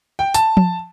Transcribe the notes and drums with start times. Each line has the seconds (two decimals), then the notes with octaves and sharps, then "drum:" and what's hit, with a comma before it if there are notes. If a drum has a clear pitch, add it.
0.19 G5
0.34 A5, drum: hi-hat
0.57 drum: tom F3